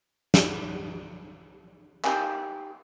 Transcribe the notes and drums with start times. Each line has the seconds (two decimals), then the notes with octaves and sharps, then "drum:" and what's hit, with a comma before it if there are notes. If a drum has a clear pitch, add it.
0.34 drum: snare
2.04 D#4 G4 D#5 G#5, drum: clap